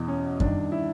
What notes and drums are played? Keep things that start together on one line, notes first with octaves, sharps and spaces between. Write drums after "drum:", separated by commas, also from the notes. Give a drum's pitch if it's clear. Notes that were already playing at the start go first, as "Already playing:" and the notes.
Already playing: E2 B2
C#4
G2 D#3 D4, drum: kick F#2
E4